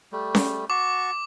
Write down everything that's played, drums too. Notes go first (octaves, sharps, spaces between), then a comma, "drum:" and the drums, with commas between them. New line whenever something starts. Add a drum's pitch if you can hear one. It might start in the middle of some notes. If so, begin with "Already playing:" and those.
G3 A3
drum: snare C#4
F#4 A5 C#6 D6